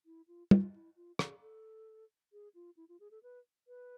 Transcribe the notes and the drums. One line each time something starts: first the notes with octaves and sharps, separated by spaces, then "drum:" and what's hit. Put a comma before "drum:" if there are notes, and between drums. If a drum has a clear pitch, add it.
E4
F4
F4, drum: tom
E4
F4
G#4, drum: rim click
A4
G#4
F4
E4
F4
G#4
A4
B4
B4